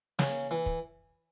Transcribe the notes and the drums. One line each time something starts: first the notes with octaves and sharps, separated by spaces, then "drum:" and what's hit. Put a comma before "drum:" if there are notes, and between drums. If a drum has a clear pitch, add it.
C#3, drum: snare
E3
drum: kick